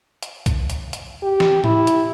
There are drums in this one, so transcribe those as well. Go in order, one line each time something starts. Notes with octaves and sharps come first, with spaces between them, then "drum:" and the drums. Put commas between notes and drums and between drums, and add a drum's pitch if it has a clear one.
drum: hi-hat
drum: kick B1, hi-hat
drum: hi-hat
drum: hi-hat
G4
drum: snare
E4, drum: tom A2
drum: hi-hat